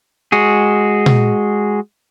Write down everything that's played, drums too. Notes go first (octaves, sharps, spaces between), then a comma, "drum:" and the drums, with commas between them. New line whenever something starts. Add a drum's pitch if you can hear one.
G#3 F#4 G#4
drum: tom A#2